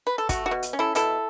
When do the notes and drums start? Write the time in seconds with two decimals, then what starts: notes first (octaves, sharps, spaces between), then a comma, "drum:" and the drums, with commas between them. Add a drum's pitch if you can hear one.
0.07 B4
0.18 A4
0.29 A3 F#4, drum: kick, hi-hat
0.46 F#4
0.51 B2
0.63 drum: hi-hat
0.73 C#4
0.79 E4 A4
0.95 B2 E4 A4, drum: hi-hat